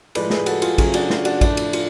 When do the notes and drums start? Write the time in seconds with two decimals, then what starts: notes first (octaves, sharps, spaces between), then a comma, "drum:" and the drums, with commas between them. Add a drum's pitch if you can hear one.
0.15 A2 F3 G#3 B4 D5, drum: cymbal
0.30 G#4 B4, drum: snare
0.46 F#4 A4, drum: cymbal
0.62 F4 G#4, drum: cymbal
0.78 C#3 F#3 A3 F4 G#4, drum: kick, cymbal
0.94 D4 F#4, drum: cymbal
1.10 F4, drum: snare
1.25 D4 F#4, drum: cymbal
1.41 A2 F3 A3 D4, drum: kick, cymbal
1.57 drum: cymbal
1.73 F4, drum: cymbal